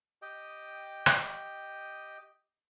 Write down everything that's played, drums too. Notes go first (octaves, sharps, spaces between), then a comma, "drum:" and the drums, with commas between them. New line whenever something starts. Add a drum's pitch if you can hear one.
G4 D#5 G5
drum: rim click